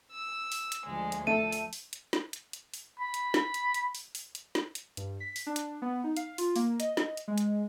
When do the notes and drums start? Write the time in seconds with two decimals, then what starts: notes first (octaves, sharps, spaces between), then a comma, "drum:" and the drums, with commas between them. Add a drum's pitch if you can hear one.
0.12 E6
0.52 drum: open hi-hat
0.72 drum: hi-hat
0.85 D2 F3 G#3
1.12 drum: hi-hat
1.27 A3 A4 D#7
1.52 drum: open hi-hat
1.73 drum: open hi-hat
1.93 drum: hi-hat
2.13 drum: snare
2.33 drum: hi-hat
2.53 drum: hi-hat
2.74 drum: open hi-hat
3.00 B5
3.14 drum: hi-hat
3.34 drum: snare
3.54 drum: hi-hat
3.74 drum: hi-hat
3.95 drum: open hi-hat
4.15 drum: open hi-hat
4.35 drum: hi-hat
4.55 drum: snare
4.75 drum: hi-hat
4.97 G2, drum: hi-hat
5.20 B6
5.36 drum: open hi-hat
5.47 D4
5.56 drum: hi-hat
5.82 B3
6.04 D#4
6.17 F5, drum: hi-hat
6.38 F4, drum: open hi-hat
6.56 A#3, drum: open hi-hat
6.80 D#5, drum: hi-hat
6.97 drum: snare
7.17 drum: hi-hat
7.28 G#3
7.38 drum: hi-hat